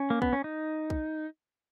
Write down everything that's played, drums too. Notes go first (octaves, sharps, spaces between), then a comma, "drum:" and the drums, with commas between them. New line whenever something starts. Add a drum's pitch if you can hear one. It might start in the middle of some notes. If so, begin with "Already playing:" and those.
Already playing: C#4
A#3
B3, drum: kick
C#4
D#4
drum: kick